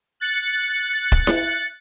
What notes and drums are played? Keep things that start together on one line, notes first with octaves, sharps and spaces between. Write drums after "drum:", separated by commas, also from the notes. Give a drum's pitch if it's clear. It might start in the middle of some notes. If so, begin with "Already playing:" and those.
F#6 A6 C#7
drum: kick
drum: snare E4